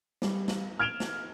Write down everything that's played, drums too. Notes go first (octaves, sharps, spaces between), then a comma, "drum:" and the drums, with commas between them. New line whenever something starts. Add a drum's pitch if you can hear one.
G3, drum: snare
drum: snare
F6 G#6 D7 E7 F7 G7
drum: snare